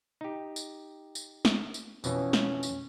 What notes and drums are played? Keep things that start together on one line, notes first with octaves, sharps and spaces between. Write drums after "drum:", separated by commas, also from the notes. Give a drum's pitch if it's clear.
D#4 G4
drum: tambourine
drum: tambourine
drum: snare
drum: tambourine
F2 B2 E3 C#4, drum: tambourine
drum: snare
drum: tambourine